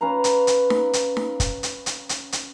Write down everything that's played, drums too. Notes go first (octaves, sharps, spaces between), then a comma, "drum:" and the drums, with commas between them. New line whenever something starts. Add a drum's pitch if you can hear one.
C#4 B4 F5 A#5
drum: hi-hat
drum: hi-hat
drum: snare D#4
drum: hi-hat
drum: snare D#4
drum: kick, hi-hat
drum: hi-hat
drum: hi-hat
drum: hi-hat
drum: hi-hat